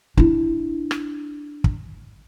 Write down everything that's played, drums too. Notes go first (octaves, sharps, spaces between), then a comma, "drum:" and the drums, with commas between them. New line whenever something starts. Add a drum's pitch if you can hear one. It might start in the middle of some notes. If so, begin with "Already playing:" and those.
D4 E4, drum: kick
drum: rim click
drum: kick